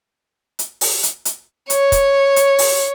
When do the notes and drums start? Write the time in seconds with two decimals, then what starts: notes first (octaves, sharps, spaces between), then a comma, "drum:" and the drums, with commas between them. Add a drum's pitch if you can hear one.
0.59 drum: hi-hat
0.81 drum: open hi-hat
1.03 drum: hi-hat
1.25 drum: hi-hat
1.70 C#5, drum: hi-hat
1.92 drum: kick, hi-hat
2.36 drum: hi-hat
2.58 drum: open hi-hat